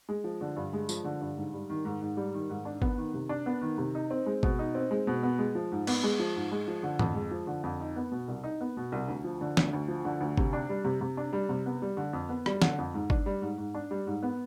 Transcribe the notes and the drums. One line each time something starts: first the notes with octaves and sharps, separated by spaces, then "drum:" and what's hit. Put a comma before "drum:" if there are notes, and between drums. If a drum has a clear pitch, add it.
G#3
F3
D3
G2
G#3
F3, drum: tambourine
D3
G2
G#2
G3
D#3
G#2
G#2
G3
D#3
G#2
D4
B3, drum: kick G1
D#3
C3
D4
B3
D#3
C3
D#4
C4
G#3
B2, drum: kick G1
D#4
C4
G#3
B2
B3
G#3
F3
G#2
B3, drum: cymbal
G#3
F3
G#2
G#3
F3
D3
F2, drum: tom G#2
G#3
F3
D3
F2
D#4
B3
B2
C2
D#4
B3
B2
C2
D2
F3
D3
D2, drum: snare
D2
F3
D3
D2
C3, drum: kick G1
D4
G3
C3
C3
D4
G3
C3
B3
G3
D3
F2
B3
G3, drum: rim click
D3, drum: snare
F2
G#2
D4, drum: kick G1
G3
G#2
G#2
D4
G3
G#2
B3